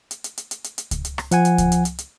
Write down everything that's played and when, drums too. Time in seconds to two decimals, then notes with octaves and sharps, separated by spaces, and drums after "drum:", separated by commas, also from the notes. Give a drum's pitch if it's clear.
0.11 drum: hi-hat
0.24 drum: hi-hat
0.38 drum: hi-hat
0.51 drum: hi-hat
0.64 drum: hi-hat
0.78 drum: hi-hat
0.91 drum: kick C#2, hi-hat
1.05 drum: hi-hat
1.18 drum: rim click
1.31 F3 F#5 G#5, drum: hi-hat
1.45 drum: hi-hat
1.58 drum: kick C#2, hi-hat
1.72 drum: hi-hat
1.85 drum: hi-hat
1.98 drum: hi-hat